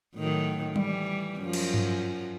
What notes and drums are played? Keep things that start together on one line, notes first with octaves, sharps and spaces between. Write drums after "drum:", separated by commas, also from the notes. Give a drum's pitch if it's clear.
A2 D#3 F#3
E3 G3, drum: tom F#3
F#2 F3
drum: cymbal
drum: tom G2